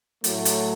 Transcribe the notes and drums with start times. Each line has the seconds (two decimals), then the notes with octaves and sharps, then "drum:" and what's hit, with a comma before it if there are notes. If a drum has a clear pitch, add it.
0.24 A2 F#3 A3, drum: hi-hat
0.45 drum: hi-hat